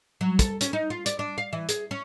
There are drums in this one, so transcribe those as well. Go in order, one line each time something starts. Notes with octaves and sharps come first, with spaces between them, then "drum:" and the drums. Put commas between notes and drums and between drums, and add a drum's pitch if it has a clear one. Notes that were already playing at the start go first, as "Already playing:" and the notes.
F#3
A4, drum: kick, hi-hat
C#4, drum: hi-hat
D#4
F4
D5, drum: hi-hat
D4
F5
E3
G#4, drum: hi-hat
C#4